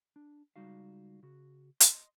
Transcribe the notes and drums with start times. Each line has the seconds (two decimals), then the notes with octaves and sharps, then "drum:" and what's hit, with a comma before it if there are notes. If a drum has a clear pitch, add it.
0.16 D4
0.56 C#2 C#3 G3 D#4 F#4 F5
1.23 C#3 F#4
1.80 D#5 C6, drum: hi-hat